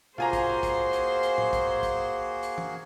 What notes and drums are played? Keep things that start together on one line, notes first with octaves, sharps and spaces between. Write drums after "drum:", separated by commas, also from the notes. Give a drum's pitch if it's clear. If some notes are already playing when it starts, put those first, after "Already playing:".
A#3 F4 F#4 G#4 C5 G#5 A#5, drum: tom B2
drum: kick, hi-hat
drum: kick, hi-hat
drum: hi-hat
drum: hi-hat
drum: tom A2
drum: kick, hi-hat
drum: kick, hi-hat
drum: hi-hat
drum: tom